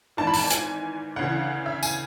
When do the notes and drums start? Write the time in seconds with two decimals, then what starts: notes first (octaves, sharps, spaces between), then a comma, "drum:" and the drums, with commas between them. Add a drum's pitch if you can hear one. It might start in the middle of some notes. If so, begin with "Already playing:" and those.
0.17 G#1 G#2 E3 A5
0.27 B5
0.34 A5, drum: open hi-hat
0.50 G#5, drum: hi-hat
1.16 D2 C#3 E3 F#5
1.66 E5
1.83 G#5, drum: tambourine